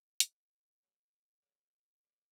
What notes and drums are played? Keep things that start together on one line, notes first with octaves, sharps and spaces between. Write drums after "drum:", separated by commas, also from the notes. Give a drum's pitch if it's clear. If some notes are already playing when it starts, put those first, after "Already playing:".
B3 E4 B4 D5, drum: hi-hat
F#3 A3 C#4
F#3 A3 D4 G#4 C#5
A3 D4 A4 C#5